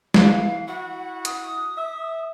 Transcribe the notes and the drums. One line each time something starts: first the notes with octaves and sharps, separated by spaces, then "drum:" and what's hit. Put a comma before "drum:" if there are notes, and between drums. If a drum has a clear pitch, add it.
E3 F5, drum: snare
E4 F#4 F#5
D#6, drum: hi-hat
E5